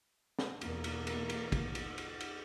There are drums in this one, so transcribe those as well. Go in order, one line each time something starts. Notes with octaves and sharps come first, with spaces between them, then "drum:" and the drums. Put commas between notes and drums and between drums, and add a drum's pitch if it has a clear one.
drum: snare
E2 B2 A#3, drum: cymbal
drum: cymbal
drum: cymbal
drum: cymbal
drum: kick, cymbal
drum: cymbal
drum: cymbal
drum: cymbal